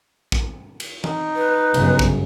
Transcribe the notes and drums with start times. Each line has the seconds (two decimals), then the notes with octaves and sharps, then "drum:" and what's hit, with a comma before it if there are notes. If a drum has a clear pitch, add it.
0.32 drum: kick
0.80 drum: cymbal
1.04 D#4, drum: tom
1.35 B4
1.74 G1 F#2 C#3, drum: cymbal
1.99 drum: kick